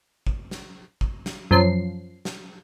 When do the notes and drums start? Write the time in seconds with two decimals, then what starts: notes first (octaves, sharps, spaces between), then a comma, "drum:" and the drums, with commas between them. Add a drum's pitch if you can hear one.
0.27 drum: kick
0.51 drum: snare
1.01 drum: kick
1.26 drum: snare
1.51 F#2 F3 C7
2.25 drum: snare